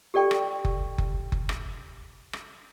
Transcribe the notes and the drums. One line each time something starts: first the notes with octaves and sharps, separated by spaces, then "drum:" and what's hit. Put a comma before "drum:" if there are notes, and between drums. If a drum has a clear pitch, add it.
G4 A4 D5 G5 C#6
drum: rim click
drum: kick F#1
drum: kick F#1
drum: kick F#1
drum: rim click
drum: rim click